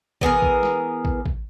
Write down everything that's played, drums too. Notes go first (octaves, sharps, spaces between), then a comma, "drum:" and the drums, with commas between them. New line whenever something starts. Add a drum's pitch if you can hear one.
E3 B3 G#4 A#4, drum: kick
drum: kick
drum: snare
drum: kick
drum: kick